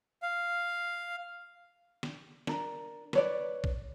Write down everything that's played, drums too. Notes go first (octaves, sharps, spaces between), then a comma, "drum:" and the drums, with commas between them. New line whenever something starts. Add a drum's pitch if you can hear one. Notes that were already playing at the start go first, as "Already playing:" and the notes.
F5
drum: snare
D4 A#4, drum: snare
B4 C#5 D5, drum: snare
drum: kick A#1